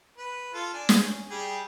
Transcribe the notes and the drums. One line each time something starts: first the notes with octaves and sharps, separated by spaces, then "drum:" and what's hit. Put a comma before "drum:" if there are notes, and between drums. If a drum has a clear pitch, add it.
B4
F4 A4
D4 G#5
G#4, drum: snare
C#4
G3 G4 G#4